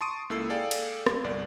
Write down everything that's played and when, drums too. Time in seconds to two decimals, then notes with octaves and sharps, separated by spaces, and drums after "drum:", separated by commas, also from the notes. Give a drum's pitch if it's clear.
0.01 A5 C6 C#6 D#6 D7 D#7
0.30 C#2 A#3 E4 A4 E6 C7
0.50 G#4 A4 D5 F5 G5
0.71 drum: cymbal
1.07 drum: rim click
1.24 G1 C2 D5